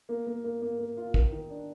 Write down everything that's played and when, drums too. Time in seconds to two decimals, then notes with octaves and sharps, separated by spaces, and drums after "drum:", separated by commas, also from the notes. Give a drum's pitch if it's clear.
0.09 A#3
0.27 A#3
0.44 A#3
0.62 A#3
0.79 A#3
0.97 F4
1.14 D#3, drum: kick
1.32 D#3
1.50 D4